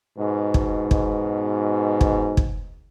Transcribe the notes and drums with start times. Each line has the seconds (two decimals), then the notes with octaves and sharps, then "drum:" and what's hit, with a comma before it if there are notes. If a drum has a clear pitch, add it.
0.18 G#2 B2
0.54 drum: kick
0.91 drum: kick
2.01 drum: kick
2.37 drum: kick